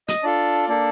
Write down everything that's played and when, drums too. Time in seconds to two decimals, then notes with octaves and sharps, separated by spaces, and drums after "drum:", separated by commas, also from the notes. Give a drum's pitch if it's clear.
0.08 D#5, drum: hi-hat
0.23 D4 F4 A4 D5
0.69 A#3 D4 A4